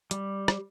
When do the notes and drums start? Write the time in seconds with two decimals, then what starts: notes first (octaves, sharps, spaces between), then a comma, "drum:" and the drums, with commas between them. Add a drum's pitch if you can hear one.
0.11 G3, drum: hi-hat
0.48 drum: rim click